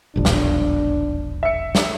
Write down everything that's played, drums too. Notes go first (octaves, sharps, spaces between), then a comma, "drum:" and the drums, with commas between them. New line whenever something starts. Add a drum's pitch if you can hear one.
E1 A#1 D#2 D4
drum: snare
E5 C#7
drum: snare